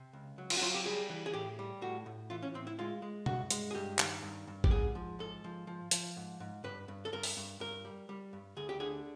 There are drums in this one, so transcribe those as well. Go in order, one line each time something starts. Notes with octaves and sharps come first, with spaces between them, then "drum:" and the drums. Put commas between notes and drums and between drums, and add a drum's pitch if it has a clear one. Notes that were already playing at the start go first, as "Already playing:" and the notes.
Already playing: C3
C#2
F#3
F4, drum: cymbal
F#4
F#3 F4
G4
G3 G#4
E3
G#4
A2 G4
G3
A2 F#4
A2
E3 F4
C#4
A2 C4
E4
G#3 F4
G#3
G2 F#4, drum: tom B2
G#3, drum: hi-hat
G#4
G2 G4
D#3, drum: clap
G2
G2
G4, drum: kick G#1
G#2 G#4
F3
G#2 A4
F3
F3
F3, drum: hi-hat
G#2
G#2
G2 B4
G2
A4
G2 A#4
drum: open hi-hat
G2
G2 A#4
G3
G3
G2
D2 G#4
G4
D3 G#4